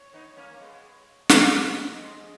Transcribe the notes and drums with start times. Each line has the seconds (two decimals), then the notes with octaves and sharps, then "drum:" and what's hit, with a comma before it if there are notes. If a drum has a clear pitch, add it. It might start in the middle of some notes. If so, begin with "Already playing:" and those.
Already playing: C#5
0.14 B3 D#4
0.37 A#3 C#4
0.51 A#3
0.60 G#3 B3
1.29 F#3 A#3 D#5, drum: snare
1.64 F3 G#3
2.00 F3 G#3